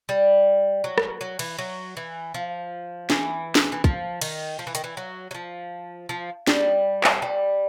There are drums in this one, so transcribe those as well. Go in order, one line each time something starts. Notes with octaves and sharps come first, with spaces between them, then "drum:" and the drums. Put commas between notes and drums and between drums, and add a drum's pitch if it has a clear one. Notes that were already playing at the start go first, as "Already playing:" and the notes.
G3
F#3
drum: rim click
F#3
E3, drum: cymbal
F#3
E3
F3
E3, drum: snare
drum: snare
E3
F3, drum: kick
D#3, drum: cymbal
F3
E3
D#3, drum: hi-hat
E3
F#3
F#3
F3
F3
G3, drum: snare
drum: clap
G3